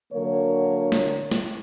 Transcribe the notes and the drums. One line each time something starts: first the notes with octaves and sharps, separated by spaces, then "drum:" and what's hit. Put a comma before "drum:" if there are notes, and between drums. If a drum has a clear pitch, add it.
D3 F#3 A#3 A#4 C#5
drum: snare
drum: snare